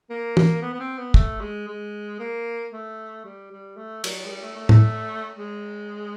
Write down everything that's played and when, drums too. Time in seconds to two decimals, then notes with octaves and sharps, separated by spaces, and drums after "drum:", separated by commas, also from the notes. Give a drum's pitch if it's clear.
0.10 A#3
0.37 drum: tom
0.62 B3
0.73 B3
0.79 C4
0.98 B3
1.14 A3, drum: kick
1.41 G#3
1.68 G#3
2.19 A#3
2.72 A3
3.24 G3
3.51 G3
3.77 A3
4.04 F#3, drum: cymbal
4.25 G#3
4.30 G3
4.42 A3
4.56 A3
4.69 A3, drum: tom
5.35 G#3